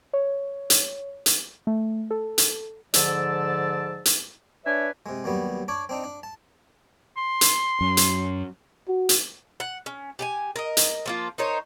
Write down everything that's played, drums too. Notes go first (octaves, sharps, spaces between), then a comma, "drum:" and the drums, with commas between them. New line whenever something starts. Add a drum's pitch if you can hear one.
C#5
drum: hi-hat
drum: hi-hat
A3
A4
drum: hi-hat
G#2 D3 F3 D5 A5 E6, drum: hi-hat
drum: hi-hat
D4 B4 C#5 E5 G#5
C3 G#3
D#2 F#3 G3 B3
D4 C#5 D5
C4 D4 D#4
D4
A5
C6
drum: hi-hat
F#2
drum: hi-hat
F#4
drum: hi-hat
F#5
C#4
G4 G5 G#5
A#4 D#5
drum: hi-hat
F3 A#3 F4
D#4 A#4 C5 C#5